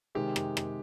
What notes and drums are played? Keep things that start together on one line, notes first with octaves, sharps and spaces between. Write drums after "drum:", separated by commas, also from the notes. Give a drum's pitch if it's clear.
C3 D#3 G#3 G4
drum: rim click
drum: rim click